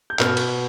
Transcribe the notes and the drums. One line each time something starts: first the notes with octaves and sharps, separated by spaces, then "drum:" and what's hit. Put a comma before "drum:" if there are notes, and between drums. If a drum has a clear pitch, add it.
G6
B2 B3 F6, drum: clap
drum: cymbal